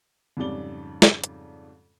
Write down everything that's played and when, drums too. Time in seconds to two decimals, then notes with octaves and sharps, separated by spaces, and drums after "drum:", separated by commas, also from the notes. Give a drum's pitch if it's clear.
0.37 F2 G#2 C#3 G3 D5 G7
1.02 drum: snare
1.24 drum: hi-hat